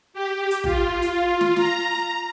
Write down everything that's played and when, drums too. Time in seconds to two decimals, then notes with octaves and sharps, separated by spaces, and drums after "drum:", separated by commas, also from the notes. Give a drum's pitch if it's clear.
0.13 G4
0.51 drum: hi-hat
0.64 F4, drum: kick
1.02 drum: hi-hat
1.41 drum: snare
1.56 A#5, drum: snare